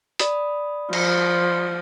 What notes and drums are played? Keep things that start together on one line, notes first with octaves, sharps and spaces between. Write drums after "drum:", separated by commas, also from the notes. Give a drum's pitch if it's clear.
D5 B5 D#6, drum: hi-hat
F3, drum: cymbal